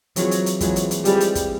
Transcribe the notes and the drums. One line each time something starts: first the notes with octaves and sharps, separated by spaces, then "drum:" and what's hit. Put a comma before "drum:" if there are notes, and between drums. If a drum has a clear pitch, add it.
E3 F#3 G#3 C4 F4 G#4, drum: hi-hat
drum: hi-hat
drum: hi-hat
E3 F#3 G#3 C4 F4 G#4, drum: kick, hi-hat
drum: hi-hat
drum: hi-hat
E3 G3 G#3 C4 F4 G#4, drum: hi-hat
drum: hi-hat
drum: kick, hi-hat